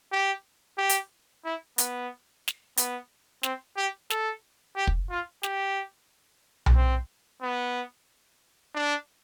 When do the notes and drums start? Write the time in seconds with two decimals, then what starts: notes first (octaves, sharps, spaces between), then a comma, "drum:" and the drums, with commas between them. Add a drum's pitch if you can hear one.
0.12 G4
0.78 G4
0.89 drum: hi-hat
1.45 E4
1.78 B3, drum: hi-hat
2.48 drum: snare
2.77 B3, drum: hi-hat
3.43 C4, drum: snare
3.77 G4
4.10 A4, drum: snare
4.76 G4
4.87 drum: kick
5.10 F4
5.43 G4, drum: snare
6.66 drum: tom B1
6.76 C4
7.42 B3
8.75 D4